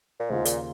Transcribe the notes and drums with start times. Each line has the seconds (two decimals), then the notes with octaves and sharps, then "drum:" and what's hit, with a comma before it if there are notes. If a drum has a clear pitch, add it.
0.20 A#2
0.30 D#2 G#2 C#3 A#3 F4
0.45 A#2, drum: hi-hat